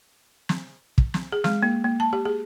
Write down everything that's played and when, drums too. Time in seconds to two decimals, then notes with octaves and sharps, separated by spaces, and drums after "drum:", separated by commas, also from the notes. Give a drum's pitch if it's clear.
0.49 drum: snare
0.98 drum: kick
1.14 drum: snare
1.32 G#4
1.44 G#3, drum: snare
1.63 A#3
1.84 A#3
2.00 A5
2.13 G4
2.25 G#4